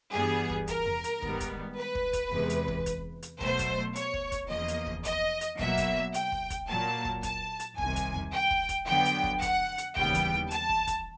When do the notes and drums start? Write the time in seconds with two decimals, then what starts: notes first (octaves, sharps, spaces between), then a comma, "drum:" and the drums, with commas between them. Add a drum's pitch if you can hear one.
0.13 G2 E3 G3 B3 G#4
0.49 drum: kick
0.68 A#4, drum: kick, hi-hat
0.86 drum: tom E2
1.04 drum: hi-hat
1.22 G#2 D#3 G3 B3, drum: kick
1.40 drum: kick, hi-hat
1.77 B4
1.95 drum: kick
2.13 drum: kick, hi-hat
2.32 E2 C3 E3 G#3, drum: tom E2
2.50 drum: hi-hat
2.68 drum: kick
2.86 drum: kick, hi-hat
3.23 drum: hi-hat
3.41 B2 F#3 A3 C5, drum: kick
3.59 drum: kick, hi-hat
3.96 C#5, drum: hi-hat
4.14 drum: kick
4.32 drum: kick, hi-hat
4.50 E2 C#3 F3 A#3 D#5
4.68 drum: hi-hat
4.86 drum: kick
5.05 D#5, drum: kick, hi-hat
5.41 drum: hi-hat
5.59 B2 F#3 A#3 E5, drum: kick
5.77 drum: kick, hi-hat
6.14 G5, drum: hi-hat
6.32 drum: kick
6.50 drum: kick, hi-hat
6.68 A#2 F#3 A#3 A5
7.05 drum: kick
7.23 A5, drum: kick, hi-hat
7.60 drum: hi-hat
7.78 C2 C3 D#3 G#5, drum: kick
7.96 drum: kick, hi-hat
8.14 drum: tom E2
8.32 G5
8.51 drum: kick
8.69 drum: kick, hi-hat
8.87 F2 D3 F#3 B3 G5
9.05 drum: hi-hat
9.23 drum: kick
9.42 F#5, drum: kick, hi-hat
9.78 drum: hi-hat
9.96 D#2 C#3 E3 G3 B3 G5, drum: kick
10.15 drum: kick, hi-hat
10.51 A5, drum: hi-hat
10.69 drum: kick
10.87 drum: kick, hi-hat